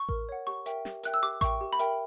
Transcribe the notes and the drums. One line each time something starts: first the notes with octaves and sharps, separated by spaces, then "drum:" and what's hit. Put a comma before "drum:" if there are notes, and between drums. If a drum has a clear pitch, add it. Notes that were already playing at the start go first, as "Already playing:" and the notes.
Already playing: C#6
A#4, drum: kick A1
C#5 F#5
G4 C#6
A#4 E5 G5, drum: hi-hat
G4, drum: snare
A#4 E5 G5 F#6, drum: hi-hat
E6
G4 D6
A#4 E5 G5 C#6, drum: kick A1, hi-hat
G4
B5
A#4 E5 G5, drum: hi-hat